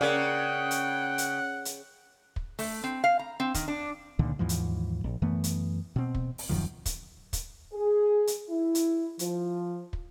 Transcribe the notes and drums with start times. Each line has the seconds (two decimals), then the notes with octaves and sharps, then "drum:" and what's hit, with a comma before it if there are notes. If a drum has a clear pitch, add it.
0.01 C#3 A#4 D5 F#5 G5
0.71 drum: hi-hat
1.18 drum: hi-hat
1.65 drum: hi-hat
2.36 drum: kick
2.59 A3, drum: open hi-hat
2.84 C4
3.04 F5
3.19 A#5
3.40 C4
3.54 D#3, drum: kick, hi-hat
3.68 D4
4.19 C#2 A#2 D3 D#3
4.39 D#2 G#2 E3 F3
4.49 drum: hi-hat
5.04 A#1
5.22 F#2 E3 A3 B3
5.44 drum: hi-hat
5.96 B2 C4
6.15 drum: kick
6.38 drum: open hi-hat
6.49 D#1 F#2 D#3 F3
6.86 drum: kick, hi-hat
7.33 drum: kick, hi-hat
7.73 G#4
8.27 drum: hi-hat
8.49 E4
8.75 drum: hi-hat
9.19 F3, drum: hi-hat
9.93 drum: kick